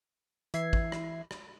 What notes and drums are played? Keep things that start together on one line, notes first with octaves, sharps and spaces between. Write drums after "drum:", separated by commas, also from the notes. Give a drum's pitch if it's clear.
E3 E5 G#6 C7, drum: hi-hat
drum: kick G#1
drum: rim click
drum: rim click